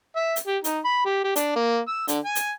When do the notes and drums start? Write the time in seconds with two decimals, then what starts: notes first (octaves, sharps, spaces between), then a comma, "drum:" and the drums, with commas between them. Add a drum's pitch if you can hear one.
0.16 E5
0.36 drum: hi-hat
0.47 G4
0.64 D#4, drum: hi-hat
0.85 B5
1.05 G4
1.24 G4
1.36 D4, drum: hi-hat
1.56 A#3
1.88 E6
2.08 D3, drum: hi-hat
2.25 G#5
2.35 drum: hi-hat